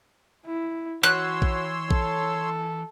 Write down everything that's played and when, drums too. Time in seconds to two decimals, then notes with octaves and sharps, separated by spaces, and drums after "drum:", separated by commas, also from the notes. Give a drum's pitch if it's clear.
0.46 E4
1.03 E3 F#4 C#5 C6 E6 F#6
1.42 drum: kick A#1
1.91 A4, drum: kick A#1